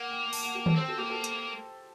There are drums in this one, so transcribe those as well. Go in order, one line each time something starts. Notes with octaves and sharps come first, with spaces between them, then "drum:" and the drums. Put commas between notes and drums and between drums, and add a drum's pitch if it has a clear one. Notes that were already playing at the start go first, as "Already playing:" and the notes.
Already playing: A#3 F#5
G5
A5, drum: open hi-hat
F#5
G4
A4, drum: tom D#3
C4 C5
A4
A#3 G4
A4
drum: hi-hat